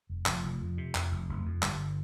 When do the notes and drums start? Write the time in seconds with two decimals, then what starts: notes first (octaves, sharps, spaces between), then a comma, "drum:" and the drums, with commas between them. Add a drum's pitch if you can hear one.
0.10 F1
0.26 F1 F3, drum: clap
0.44 F1
0.61 F2
0.78 C3
0.95 F2, drum: clap
1.12 F1
1.29 F1
1.46 F2
1.63 G1 G3, drum: clap